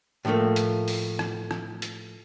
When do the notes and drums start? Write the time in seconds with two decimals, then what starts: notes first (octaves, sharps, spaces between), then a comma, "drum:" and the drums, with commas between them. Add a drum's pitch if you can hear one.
0.25 A2 F3 F#3 A3 A#3
0.56 drum: hi-hat
0.88 drum: open hi-hat
1.19 drum: rim click
1.51 drum: rim click
1.82 drum: hi-hat